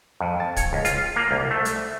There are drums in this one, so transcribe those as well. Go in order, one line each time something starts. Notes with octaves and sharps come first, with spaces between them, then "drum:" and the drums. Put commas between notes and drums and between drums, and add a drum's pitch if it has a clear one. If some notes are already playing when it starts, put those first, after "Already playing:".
F2
A5
C#5, drum: kick, hi-hat
C#2
F4, drum: hi-hat
A#3
C2
A3
drum: hi-hat
E5